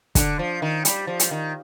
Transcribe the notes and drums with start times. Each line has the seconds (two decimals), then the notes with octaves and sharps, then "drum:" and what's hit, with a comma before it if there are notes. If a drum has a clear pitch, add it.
0.15 D3, drum: kick, hi-hat
0.39 F3
0.62 D#3
0.85 G3, drum: hi-hat
1.07 F3
1.20 drum: hi-hat
1.31 D#3